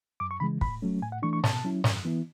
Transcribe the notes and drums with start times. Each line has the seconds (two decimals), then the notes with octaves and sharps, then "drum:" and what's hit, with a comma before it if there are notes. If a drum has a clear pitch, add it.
0.20 F#2 D6
0.31 C#6
0.40 C#3 E3 G#3 B5
0.61 A2 B5, drum: kick
0.82 F#3 A3 C#4
1.02 A2 G#5
1.12 F#5
1.22 E3 A3 D4 C#6
1.33 C#6
1.44 B2 A5, drum: snare
1.64 F#3 C#4 E4
1.84 F#2, drum: snare
2.05 E3 B3 E4